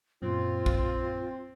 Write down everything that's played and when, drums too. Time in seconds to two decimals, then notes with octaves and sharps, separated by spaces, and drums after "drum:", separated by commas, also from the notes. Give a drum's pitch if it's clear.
0.22 F#2 A#2 C4 F4
0.66 drum: kick